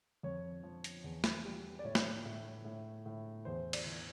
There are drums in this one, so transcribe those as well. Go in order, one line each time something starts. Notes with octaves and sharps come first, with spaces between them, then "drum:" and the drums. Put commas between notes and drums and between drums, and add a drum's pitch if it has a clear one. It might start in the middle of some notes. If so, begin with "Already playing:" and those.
F2 C#5
F3
drum: hi-hat
E2
drum: snare
G3
D5
A2 C#5
drum: snare
A2
A2
A2
E2 C5
D5, drum: cymbal
E3